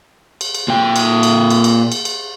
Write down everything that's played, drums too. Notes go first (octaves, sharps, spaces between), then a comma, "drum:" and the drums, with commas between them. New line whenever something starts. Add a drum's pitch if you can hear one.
drum: cymbal
drum: cymbal
A#2 G5
drum: cymbal
drum: cymbal
drum: cymbal
drum: cymbal
drum: cymbal
drum: cymbal